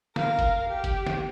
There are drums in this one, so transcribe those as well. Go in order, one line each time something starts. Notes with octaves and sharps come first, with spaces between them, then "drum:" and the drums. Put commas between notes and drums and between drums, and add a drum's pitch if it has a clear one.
A#4 F5, drum: snare
drum: kick F#1, hi-hat
G4
drum: kick F#1, hi-hat
drum: snare